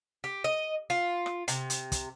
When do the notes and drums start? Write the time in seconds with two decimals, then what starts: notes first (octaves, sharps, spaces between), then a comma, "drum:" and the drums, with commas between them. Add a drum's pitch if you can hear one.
0.24 G4
0.44 D#5
0.90 F4
1.26 drum: rim click
1.48 C3, drum: hi-hat
1.70 drum: hi-hat
1.92 drum: kick, hi-hat